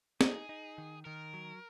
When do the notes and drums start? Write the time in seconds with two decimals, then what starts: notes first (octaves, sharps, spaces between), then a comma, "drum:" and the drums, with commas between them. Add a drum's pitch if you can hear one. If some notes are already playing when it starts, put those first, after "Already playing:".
0.21 D#4 G#4, drum: snare
0.49 D#4
0.78 D#3
1.05 D#3 A#4
1.34 F#3